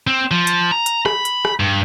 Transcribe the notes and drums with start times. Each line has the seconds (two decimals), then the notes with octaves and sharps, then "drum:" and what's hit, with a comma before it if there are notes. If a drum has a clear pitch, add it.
0.07 C4
0.31 F3
0.47 drum: hi-hat
0.72 A#5
0.86 drum: hi-hat
1.06 B5, drum: rim click
1.25 drum: hi-hat
1.45 drum: rim click
1.60 G2